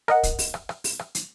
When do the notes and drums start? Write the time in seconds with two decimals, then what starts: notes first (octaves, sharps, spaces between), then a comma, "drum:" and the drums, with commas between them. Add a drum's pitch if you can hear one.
0.08 A#4 D#5 F#5, drum: rim click
0.23 drum: kick, hi-hat
0.39 drum: open hi-hat
0.54 drum: rim click
0.69 drum: rim click
0.84 drum: open hi-hat
0.99 drum: rim click
1.15 drum: hi-hat